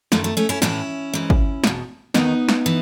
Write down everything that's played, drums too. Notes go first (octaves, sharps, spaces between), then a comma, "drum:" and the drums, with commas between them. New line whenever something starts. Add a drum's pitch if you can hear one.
F#2 D#3 A3, drum: snare
A3
A3 C#4
C#4 E4
A2 E3 C#4 E4, drum: snare
G#2 E3
drum: kick
E2 B2, drum: snare
E2 D#3 B3 D#4, drum: snare
drum: snare
E3